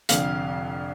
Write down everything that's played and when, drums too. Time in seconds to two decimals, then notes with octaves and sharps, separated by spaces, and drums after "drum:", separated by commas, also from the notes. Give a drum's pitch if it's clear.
0.09 F1 F2 D3 F5, drum: hi-hat